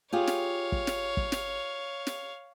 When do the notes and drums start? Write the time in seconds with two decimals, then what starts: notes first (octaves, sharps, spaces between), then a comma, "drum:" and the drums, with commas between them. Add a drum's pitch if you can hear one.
0.13 F4 G4 G#4 C#5 F5
0.27 drum: snare
0.72 drum: kick
0.87 drum: snare
1.17 drum: kick
1.32 drum: snare
2.07 drum: snare